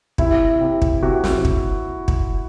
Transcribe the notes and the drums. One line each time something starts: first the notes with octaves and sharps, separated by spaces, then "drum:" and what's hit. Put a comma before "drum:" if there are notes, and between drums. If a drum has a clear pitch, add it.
C3 E4, drum: kick
C3
drum: kick
C3 F#4
drum: snare
drum: kick
drum: kick